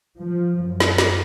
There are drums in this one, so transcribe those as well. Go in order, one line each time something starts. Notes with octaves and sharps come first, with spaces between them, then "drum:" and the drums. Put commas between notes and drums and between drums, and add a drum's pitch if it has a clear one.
F3
F#2
drum: snare
drum: snare